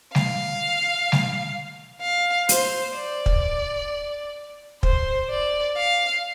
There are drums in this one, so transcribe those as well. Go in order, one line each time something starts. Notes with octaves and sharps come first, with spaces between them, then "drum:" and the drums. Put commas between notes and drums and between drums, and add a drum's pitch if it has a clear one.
F5, drum: snare G3
drum: snare G3
F5
C5, drum: hi-hat
D5
drum: kick
C5, drum: kick
D5
F5